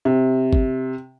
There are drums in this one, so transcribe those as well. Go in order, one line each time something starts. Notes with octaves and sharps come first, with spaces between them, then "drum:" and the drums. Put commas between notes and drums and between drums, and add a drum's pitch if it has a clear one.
C3
drum: kick